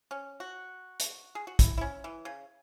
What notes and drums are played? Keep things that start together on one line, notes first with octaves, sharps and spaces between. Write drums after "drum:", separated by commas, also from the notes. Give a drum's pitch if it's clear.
C#4
F#4
drum: hi-hat
G#4
F#4
E4, drum: kick, hi-hat
E4
C#4
E3
C#3